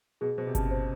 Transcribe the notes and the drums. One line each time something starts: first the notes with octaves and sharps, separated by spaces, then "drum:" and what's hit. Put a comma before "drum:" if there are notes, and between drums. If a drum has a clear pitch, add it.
B2 G#4
B2 C5
C3
C#3 A5, drum: kick G1, hi-hat
C5